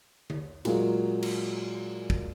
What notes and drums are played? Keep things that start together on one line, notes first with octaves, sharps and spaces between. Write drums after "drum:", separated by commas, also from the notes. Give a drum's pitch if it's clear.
drum: tom D3
A#2 F#3 G#3 A#3 F4, drum: cymbal
drum: cymbal
drum: kick